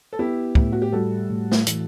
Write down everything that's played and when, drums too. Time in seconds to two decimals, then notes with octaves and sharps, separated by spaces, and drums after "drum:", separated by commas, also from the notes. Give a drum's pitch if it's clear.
0.13 A4
0.19 B3 E4 G4
0.55 A2, drum: kick
0.72 F#4
0.82 G4
0.92 G3 F#4 A4
1.29 A2
1.52 drum: snare
1.67 E3, drum: hi-hat